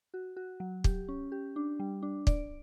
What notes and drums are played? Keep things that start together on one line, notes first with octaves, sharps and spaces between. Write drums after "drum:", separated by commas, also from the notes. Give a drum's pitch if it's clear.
F#4
F#4
F#3
G4, drum: kick
C#4
G4
D4
G3
D4
D5, drum: kick